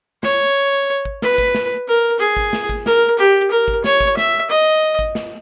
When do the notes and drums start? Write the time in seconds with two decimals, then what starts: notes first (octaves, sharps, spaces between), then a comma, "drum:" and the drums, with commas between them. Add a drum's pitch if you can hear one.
0.23 C#5, drum: snare
1.05 drum: kick
1.22 B4, drum: snare
1.38 drum: kick
1.55 drum: snare
1.88 A#4
2.20 G#4
2.37 drum: kick
2.53 drum: snare
2.69 drum: kick
2.86 A#4, drum: snare
3.19 G4
3.51 A#4
3.68 drum: kick
3.84 C#5, drum: snare
4.00 drum: kick
4.17 E5, drum: snare
4.50 D#5
4.99 drum: kick
5.15 drum: snare